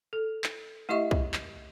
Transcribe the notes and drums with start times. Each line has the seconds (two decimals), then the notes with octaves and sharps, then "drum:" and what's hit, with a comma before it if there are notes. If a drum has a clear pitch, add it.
0.13 A4
0.44 drum: clap
0.89 A3 E4 G4 D#5 E5 C#6
1.11 drum: kick
1.34 drum: clap